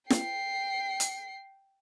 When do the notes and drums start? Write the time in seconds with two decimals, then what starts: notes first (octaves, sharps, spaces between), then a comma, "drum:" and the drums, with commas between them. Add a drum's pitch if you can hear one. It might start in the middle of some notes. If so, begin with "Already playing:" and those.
0.10 G5 C7, drum: snare
1.00 drum: hi-hat